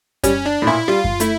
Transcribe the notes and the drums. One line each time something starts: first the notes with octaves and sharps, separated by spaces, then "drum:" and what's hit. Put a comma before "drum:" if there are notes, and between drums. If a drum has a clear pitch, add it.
G3 C#4, drum: kick F#2, hi-hat
D4
A2
A#2 E4
G3 F4
drum: kick F#2
A3 E4, drum: hi-hat